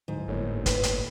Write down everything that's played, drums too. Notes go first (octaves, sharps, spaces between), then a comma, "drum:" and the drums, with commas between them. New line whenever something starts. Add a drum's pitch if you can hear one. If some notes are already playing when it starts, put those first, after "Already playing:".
D1 G#2
G1 A2 A#3 C#5
B4, drum: kick, hi-hat
drum: hi-hat